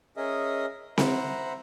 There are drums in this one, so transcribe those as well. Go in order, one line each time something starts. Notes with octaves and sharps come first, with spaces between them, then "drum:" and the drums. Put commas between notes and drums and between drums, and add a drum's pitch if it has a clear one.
C#4 G#4 A#4 D#5 E5 D#6
C5 E5 F#5 A#5 B5, drum: snare C4